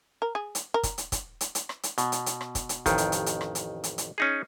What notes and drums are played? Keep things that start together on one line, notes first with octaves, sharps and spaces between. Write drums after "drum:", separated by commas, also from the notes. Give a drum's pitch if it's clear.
A#4
G#4
drum: hi-hat
A#4
drum: kick, hi-hat
drum: hi-hat
drum: kick, hi-hat
drum: hi-hat
drum: hi-hat
drum: rim click
drum: hi-hat
B2, drum: hi-hat
drum: hi-hat
drum: hi-hat
drum: rim click
drum: kick, hi-hat
drum: hi-hat
A1 F2 D#3, drum: kick, hi-hat
drum: hi-hat
drum: hi-hat
drum: hi-hat
drum: rim click
drum: hi-hat
drum: hi-hat
drum: hi-hat
C#4 D#4 G#4